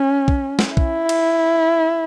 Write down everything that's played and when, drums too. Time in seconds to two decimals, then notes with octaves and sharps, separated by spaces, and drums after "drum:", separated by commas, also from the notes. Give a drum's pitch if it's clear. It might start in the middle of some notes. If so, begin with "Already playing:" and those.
Already playing: C#4
0.28 drum: kick
0.59 drum: snare
0.77 E4, drum: kick
1.09 drum: cymbal